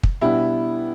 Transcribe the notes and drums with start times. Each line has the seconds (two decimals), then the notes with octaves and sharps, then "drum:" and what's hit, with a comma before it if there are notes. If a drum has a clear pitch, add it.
0.03 drum: kick
0.21 B2 G3 B3 D4 E4